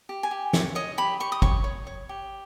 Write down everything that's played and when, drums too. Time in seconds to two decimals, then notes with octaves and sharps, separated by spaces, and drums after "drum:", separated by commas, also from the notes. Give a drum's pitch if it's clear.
0.09 G4
0.23 G#5
0.31 G4
0.53 C#5, drum: snare
0.75 C#5 D#5
0.98 G4 B5
1.20 G4 C#6
1.32 D#6
1.42 C#5 C#6, drum: kick G1
1.64 C#5
1.87 C#5
2.09 G4